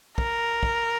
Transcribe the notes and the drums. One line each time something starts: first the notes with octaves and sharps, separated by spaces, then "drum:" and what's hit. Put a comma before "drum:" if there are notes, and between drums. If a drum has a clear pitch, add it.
A#4, drum: kick
drum: kick